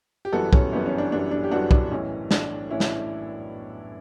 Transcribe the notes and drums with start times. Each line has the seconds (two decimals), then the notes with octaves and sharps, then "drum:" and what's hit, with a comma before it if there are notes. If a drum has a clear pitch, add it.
0.25 G4
0.32 G1 F#2 E3 G3 B3 F#4 A4
0.53 C#4, drum: kick
0.72 G1 F#2 E3 G3 B3
0.86 C#4
0.98 D4
1.12 G1 F#2 E3 G3 B3 D4
1.31 D4
1.44 G4
1.51 G1 F#2 E3 G3 B3 D4 F#4
1.71 D4, drum: kick
1.91 B1 A2 E3 C#4
2.31 B1 A2 E3 D4, drum: snare
2.70 A2 E3 C#4 E4
2.80 drum: snare